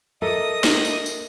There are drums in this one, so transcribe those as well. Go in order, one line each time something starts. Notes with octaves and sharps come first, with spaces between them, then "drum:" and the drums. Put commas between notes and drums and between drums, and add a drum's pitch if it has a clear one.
A4 A#4 D#5 E5 D#6
drum: snare
drum: tambourine
drum: tambourine